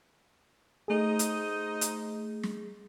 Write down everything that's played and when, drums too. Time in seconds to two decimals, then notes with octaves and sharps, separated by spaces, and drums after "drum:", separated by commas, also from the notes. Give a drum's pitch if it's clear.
0.88 A3 D#4 G#4 C5 D#5
1.19 drum: hi-hat
1.81 drum: hi-hat
2.43 drum: snare